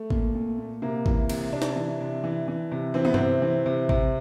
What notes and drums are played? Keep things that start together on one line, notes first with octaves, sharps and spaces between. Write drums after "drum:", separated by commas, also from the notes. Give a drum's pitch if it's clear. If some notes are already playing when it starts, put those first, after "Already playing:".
Already playing: A3
A#2, drum: kick
A#2
A#2
C3 A#3
E3, drum: kick
C3, drum: cymbal
C3 D4
drum: snare
E3
C3
E3
E3
C3
E3 C4
B3
C3 C4, drum: tom G2
E3
C3
C3, drum: kick